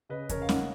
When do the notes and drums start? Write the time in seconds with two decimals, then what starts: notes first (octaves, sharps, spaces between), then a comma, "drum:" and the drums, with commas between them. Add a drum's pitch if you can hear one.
0.09 C#3 B4 D#5
0.29 C#4 A#4 C#5, drum: kick E2, hi-hat
0.42 F5
0.49 A#3 D#5 F#5, drum: snare